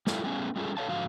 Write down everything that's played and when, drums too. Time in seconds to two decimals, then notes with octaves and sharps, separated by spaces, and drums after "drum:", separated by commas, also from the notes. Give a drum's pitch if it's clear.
0.07 G3 A3 E4 F4 A4, drum: snare
0.24 G3 A3 B3 C#4 F4 G#4
0.56 G3 G#3 C#4 F4 G#4 A4
0.77 A4 C#5 F5 A5
0.89 G#2 D3 F3 F#4 F5